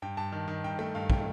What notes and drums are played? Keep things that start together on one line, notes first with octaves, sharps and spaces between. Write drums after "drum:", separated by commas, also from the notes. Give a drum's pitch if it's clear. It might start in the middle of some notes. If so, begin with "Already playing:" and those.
G2 G5
G2 A5
D#3
D#3
G2 G5
A3 G5
G2 F5
G5, drum: kick